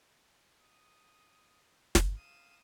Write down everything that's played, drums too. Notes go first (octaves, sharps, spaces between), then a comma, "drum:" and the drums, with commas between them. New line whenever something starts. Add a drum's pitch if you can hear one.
D#6
drum: snare
F5 D#6 E7